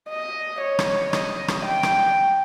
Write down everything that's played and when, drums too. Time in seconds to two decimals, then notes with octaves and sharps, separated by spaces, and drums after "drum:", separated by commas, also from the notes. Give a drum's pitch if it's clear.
0.09 D#5
0.61 C#5
0.79 drum: rim click
1.13 D#5, drum: rim click
1.48 drum: rim click
1.65 G5
1.83 drum: rim click